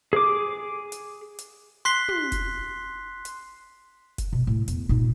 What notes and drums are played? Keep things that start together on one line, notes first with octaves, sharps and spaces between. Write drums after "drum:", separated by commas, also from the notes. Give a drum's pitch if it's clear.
G#4 D6
drum: hi-hat
drum: hi-hat
C6 F#6 B6 C7 G7
drum: tom
drum: kick, hi-hat
drum: hi-hat
drum: kick, hi-hat
B2
A2
E2, drum: hi-hat
A#2 D#4